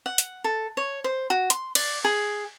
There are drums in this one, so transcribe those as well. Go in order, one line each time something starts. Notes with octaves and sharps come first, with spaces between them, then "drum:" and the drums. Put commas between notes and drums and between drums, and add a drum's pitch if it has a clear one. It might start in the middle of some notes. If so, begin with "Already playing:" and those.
F#5
drum: hi-hat
A4
C#5
C5
F#4
C6, drum: hi-hat
D5, drum: cymbal
G#4